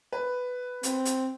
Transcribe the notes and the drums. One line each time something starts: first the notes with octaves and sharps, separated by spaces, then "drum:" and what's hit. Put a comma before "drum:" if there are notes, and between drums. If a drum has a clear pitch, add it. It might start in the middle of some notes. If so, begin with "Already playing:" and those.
B4
C4, drum: hi-hat
drum: hi-hat